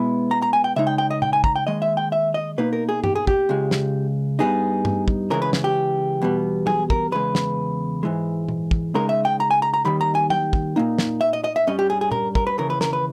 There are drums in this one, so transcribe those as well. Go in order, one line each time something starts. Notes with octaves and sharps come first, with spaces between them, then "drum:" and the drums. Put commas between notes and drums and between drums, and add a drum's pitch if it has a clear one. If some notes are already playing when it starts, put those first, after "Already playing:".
Already playing: B2 G#3 B3 E4
A#5
A#5
G#5
G5
C#3 G#3 D#4 E5
G5
G5
D#5
G5, drum: tom A#2
G#5
A#5, drum: kick
G5
D#2 D#3 G#3 D#5
E5
G5
E5
D#5
B2 A#3 D#4 B4
A#4
G#4
G4, drum: tom G2
G#4
G4, drum: kick
C#2 C#3 G#3
drum: snare
G2 G3 B3 D#4 G#4
drum: tom G2
drum: kick
C#3 E3 G#3 A#4
B4
drum: snare
G4
E2 B2 G3 B3
G#4, drum: tom F#3
A#4, drum: kick
E2 C#3 G#3 B4
drum: snare
G#2 E3 G#3
drum: tom A#2
drum: kick
C#2 C#3 G#3 D#4 A#4
E5
G5
A#5
G#5
A#5
A#5
D#2 D#3 G3 B5
A#5
G#5
G5, drum: tom F#3
drum: kick
A#2 A#3 D#4
drum: snare
E5
D#5
D#5
E5
G2 G3 C#4 D#5
G4
G#4
G#4
A#4, drum: tom A#2
A#4, drum: kick
B4
D#2 C#3 E3 A#4
B4
A#4, drum: snare
B4